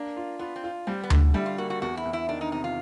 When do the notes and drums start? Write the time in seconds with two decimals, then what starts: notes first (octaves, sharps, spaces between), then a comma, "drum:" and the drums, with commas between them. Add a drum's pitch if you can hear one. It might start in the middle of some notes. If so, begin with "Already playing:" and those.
Already playing: A#3 D4
0.16 F4
0.39 B3 F4
0.56 C4
0.64 F4
0.87 G3 C4
1.03 B3
1.10 D3, drum: tom D2
1.34 G3 E4
1.46 F4
1.58 A#3 F#4
1.70 F#4
1.82 E2 F#4
1.97 E4
2.05 E2
2.13 E4
2.29 D#3 D4
2.41 D#4
2.52 C3 D#4
2.64 F4